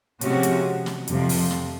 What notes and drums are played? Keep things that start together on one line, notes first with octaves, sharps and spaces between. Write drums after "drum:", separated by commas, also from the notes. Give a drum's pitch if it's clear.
C3 F3 G#3 C#4 F#4, drum: hi-hat
drum: hi-hat
drum: snare
F2 C3 F3, drum: hi-hat
drum: open hi-hat
drum: snare